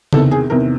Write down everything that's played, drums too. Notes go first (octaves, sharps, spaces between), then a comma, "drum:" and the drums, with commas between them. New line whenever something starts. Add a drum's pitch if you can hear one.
E2 C3 D#3 A4, drum: tom C#3
G#4
E2 C3 D#3 A#4